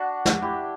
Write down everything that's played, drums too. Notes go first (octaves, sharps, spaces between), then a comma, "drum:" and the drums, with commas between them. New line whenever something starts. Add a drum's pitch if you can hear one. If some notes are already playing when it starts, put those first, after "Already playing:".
Already playing: D4 F#4
drum: snare
E4 G4